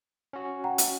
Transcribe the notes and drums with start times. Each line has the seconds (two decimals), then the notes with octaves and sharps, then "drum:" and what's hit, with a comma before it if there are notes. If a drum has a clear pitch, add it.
0.33 C#4 F#4
0.64 F#5 G5 A#5
0.78 drum: hi-hat